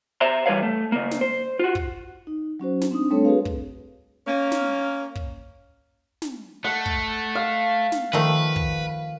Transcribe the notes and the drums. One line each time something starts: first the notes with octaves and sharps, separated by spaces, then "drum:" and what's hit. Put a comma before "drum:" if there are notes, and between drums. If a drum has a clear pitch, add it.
C5 E5 A#5 C6
E3 G3 B4 C#5 F5
A3
C#3 A#3
drum: snare
C5
F4 F#4
drum: kick
D#4
F#3 C#4 F#4 C5
drum: snare
C4 D4 D#4 D#6
G3 A3 C4 D4 A4 C#5
F#4 G#4 B4 F5
drum: kick
A#3 C#4
drum: snare
drum: kick
drum: snare
A3 F#5
drum: kick
F5
drum: snare
D#3 F3 A3 B4
drum: kick